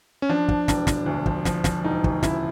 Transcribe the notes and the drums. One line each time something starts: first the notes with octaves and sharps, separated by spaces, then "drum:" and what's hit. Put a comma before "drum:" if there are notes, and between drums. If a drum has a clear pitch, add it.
C#4
F3 D4
F3, drum: kick
E1, drum: snare
E1, drum: snare
D2
F3, drum: kick
F3, drum: snare
F3, drum: snare
E1 D#4
D2, drum: kick
C#3 E4, drum: snare